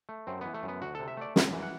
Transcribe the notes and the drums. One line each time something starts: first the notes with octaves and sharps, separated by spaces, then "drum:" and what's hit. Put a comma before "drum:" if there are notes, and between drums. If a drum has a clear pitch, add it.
A3
F#2 C4
E3 B3
A3
F#2
B3
D2 F#4
C3 A4
E5
A3 D5
F#2, drum: snare
E3
F#5